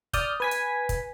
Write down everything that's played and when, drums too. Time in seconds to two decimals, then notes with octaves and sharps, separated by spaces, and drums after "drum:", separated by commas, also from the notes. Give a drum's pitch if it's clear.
0.13 D5 D#6 F6 G6, drum: kick, hi-hat
0.40 B4 G#5 B6
0.51 drum: hi-hat
0.89 drum: kick, hi-hat